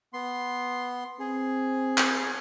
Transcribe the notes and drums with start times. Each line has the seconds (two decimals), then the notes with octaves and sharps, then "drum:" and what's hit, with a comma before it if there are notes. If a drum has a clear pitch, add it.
0.13 B3 C6
1.20 C4 G#4
1.98 drum: clap